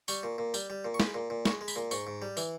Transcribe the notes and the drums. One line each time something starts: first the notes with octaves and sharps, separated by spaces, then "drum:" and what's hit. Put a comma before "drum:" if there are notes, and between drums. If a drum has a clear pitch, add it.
G3 C#6, drum: tambourine
A#2
A#2
G3, drum: tambourine
G3
A#2
C#6
G#3 B5, drum: snare
A#2
A#2
G#3 C#6, drum: snare
G#3
B5, drum: tambourine
A#2
G#2 C#6, drum: tambourine
G#2
G3
E3, drum: tambourine